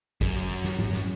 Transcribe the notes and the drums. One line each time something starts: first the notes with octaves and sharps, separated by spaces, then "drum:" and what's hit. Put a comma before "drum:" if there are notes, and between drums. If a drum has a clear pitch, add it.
F#2, drum: kick G#1
drum: snare
drum: tom G#2
drum: snare